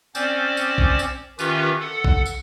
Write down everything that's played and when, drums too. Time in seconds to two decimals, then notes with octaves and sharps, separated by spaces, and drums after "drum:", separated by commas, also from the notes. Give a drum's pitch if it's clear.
0.15 C4 C#4 C5 D5 D6, drum: tambourine
0.57 drum: tambourine
0.78 drum: kick A#1
0.99 drum: tambourine
1.39 D#3 C#4 F4 G4 B4 E5, drum: tambourine
1.80 A4 F#5
2.05 drum: kick A#1
2.26 drum: tambourine